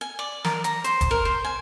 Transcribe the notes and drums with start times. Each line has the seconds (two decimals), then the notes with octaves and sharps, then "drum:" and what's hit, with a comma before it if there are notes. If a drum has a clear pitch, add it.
0.01 G#5
0.19 D5
0.45 A#4, drum: snare
0.64 A#5, drum: hi-hat
0.84 C5, drum: hi-hat
1.01 drum: kick, hi-hat
1.11 A#4
1.25 C5
1.45 G#5